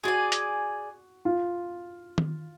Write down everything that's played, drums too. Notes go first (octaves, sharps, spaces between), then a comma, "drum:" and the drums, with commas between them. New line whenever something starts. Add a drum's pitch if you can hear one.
F#4 G#4 D5 G#5
drum: hi-hat
F4
drum: tom D#3